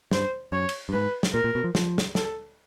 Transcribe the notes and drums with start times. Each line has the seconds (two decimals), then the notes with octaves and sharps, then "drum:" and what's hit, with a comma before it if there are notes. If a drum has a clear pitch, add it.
0.11 G2 C5, drum: snare
0.52 F#2 C#5
0.69 drum: cymbal
0.89 G2
0.93 G#2 B4
1.23 drum: snare
1.34 A#2 A#4
1.44 A#2
1.55 B2
1.64 F3
1.75 F3, drum: snare
1.98 drum: snare
2.15 A4, drum: snare